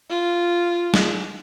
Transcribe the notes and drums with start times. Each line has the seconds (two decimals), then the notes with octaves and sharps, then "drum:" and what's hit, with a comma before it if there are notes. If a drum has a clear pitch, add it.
0.10 F4
0.94 drum: snare